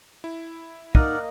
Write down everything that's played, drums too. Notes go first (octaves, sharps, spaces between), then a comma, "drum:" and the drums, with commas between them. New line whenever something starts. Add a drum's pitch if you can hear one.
E4
A#3 D#4 A#4 D5 D#5 F#5, drum: kick